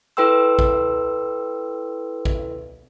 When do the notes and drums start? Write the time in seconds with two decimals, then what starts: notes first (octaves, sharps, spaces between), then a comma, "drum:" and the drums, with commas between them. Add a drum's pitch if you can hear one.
0.17 E4 A4 B4 G5 C6 E6
0.59 drum: kick A1
2.25 drum: kick A1